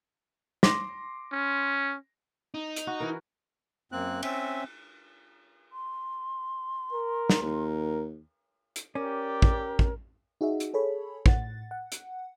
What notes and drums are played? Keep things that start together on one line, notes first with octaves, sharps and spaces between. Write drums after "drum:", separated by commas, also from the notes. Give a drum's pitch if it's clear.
C6 D6 A#6, drum: snare
C#4
D#4
drum: hi-hat
F#4
E3 A#4
F#2 A#3 C4 F#6
C4 C#4 E5, drum: cymbal
C6
A#4
drum: snare
D#2 A#4
drum: hi-hat
C#4 G4 A#4 D5
drum: kick
drum: kick
D#4 F#4 G#4 E5
drum: hi-hat
G#4 A4 C#5 B5
A2 F#5 A6, drum: kick
F#5
drum: hi-hat